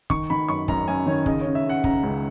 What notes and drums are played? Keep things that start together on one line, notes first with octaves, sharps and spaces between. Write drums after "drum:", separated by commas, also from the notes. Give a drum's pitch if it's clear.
D#3 C#6, drum: kick
D#3 B5
F#2 C#6
F#2 A#5, drum: kick
F#2 G#5
D#3 C#5
C#3 D#5, drum: kick
C#3 C#5
E5
C#3 F#5
C#3 A#5, drum: kick
C#2